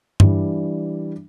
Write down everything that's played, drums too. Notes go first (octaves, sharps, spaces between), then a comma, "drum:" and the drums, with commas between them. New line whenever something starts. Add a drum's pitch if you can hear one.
E3 G3 D4, drum: tom G2